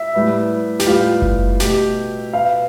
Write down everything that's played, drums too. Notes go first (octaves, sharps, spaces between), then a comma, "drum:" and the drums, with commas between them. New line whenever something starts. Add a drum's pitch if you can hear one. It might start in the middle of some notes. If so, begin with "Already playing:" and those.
Already playing: E5
A2 G3 B3
G4, drum: snare
A2 G3 B3 F4
drum: kick F#1
B2 A3 G4, drum: snare
B2 B3 F5